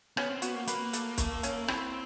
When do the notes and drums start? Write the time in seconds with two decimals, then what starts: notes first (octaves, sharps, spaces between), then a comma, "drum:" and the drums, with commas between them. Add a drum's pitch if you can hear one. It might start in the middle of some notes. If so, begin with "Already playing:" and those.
0.17 B3 C#4, drum: rim click
0.29 C4
0.42 B3 F#4, drum: hi-hat
0.55 A#3
0.67 A#3 B4, drum: hi-hat
0.93 A3, drum: hi-hat
1.18 A3, drum: kick, hi-hat
1.43 C#4, drum: hi-hat
1.68 C4 E4, drum: rim click